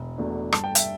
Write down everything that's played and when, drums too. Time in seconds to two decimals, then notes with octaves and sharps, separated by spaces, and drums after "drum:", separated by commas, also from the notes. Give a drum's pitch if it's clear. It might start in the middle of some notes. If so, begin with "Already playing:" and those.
Already playing: E1
0.18 E2 B2 A3 D4
0.52 G2 A5, drum: rim click
0.64 G5
0.75 E5, drum: hi-hat